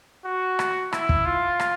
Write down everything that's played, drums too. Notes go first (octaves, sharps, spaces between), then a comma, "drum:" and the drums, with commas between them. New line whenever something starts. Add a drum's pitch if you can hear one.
F#4
drum: rim click
E4, drum: rim click
drum: kick
F4
drum: rim click